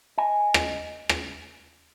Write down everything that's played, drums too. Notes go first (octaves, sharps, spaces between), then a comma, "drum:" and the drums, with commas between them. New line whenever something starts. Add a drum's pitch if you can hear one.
D#5 G#5
drum: rim click
drum: rim click